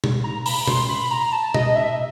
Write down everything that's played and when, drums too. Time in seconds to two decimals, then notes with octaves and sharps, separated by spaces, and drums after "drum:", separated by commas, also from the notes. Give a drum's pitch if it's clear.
0.04 drum: tom B2
0.24 A#5
0.46 B5, drum: open hi-hat
0.67 C6, drum: tom B2
0.89 B5
1.11 A#5
1.32 A5
1.54 D#5, drum: tom B2
1.76 E5